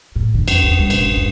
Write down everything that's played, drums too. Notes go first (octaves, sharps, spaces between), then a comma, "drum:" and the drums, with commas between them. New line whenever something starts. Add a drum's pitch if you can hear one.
A2
D3
F2, drum: cymbal
E2
G3
E1, drum: cymbal
G#1
G2